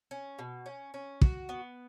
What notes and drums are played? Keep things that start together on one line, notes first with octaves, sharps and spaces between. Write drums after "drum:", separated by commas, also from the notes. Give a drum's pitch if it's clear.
C#4
B2
C#4
C#4
F#4, drum: kick
B3